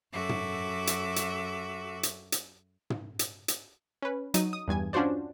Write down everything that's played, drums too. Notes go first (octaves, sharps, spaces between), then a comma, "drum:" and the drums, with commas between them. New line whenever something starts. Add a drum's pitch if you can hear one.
F#2 F#4 A4 E5 D6
drum: tom
drum: hi-hat
drum: hi-hat
drum: hi-hat
drum: hi-hat
drum: tom
drum: hi-hat
drum: hi-hat
C#4 B4
F#3 D#4 D#7, drum: hi-hat
D#6
E2 G2 G#5 G#6
C#4 D4 F4 F#4 C5 D5